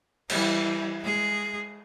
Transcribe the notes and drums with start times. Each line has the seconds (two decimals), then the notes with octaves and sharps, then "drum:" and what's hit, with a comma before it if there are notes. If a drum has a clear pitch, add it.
0.30 E3 G3, drum: cymbal
1.01 G#3 G#4